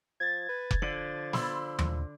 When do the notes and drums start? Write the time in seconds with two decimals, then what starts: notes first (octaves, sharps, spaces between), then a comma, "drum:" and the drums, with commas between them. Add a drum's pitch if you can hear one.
0.20 F3 G#6 A6
0.49 B4
0.71 drum: kick F1
0.82 D3 F3 F#7
1.33 B5 C6 E6, drum: snare
1.79 drum: tom D#2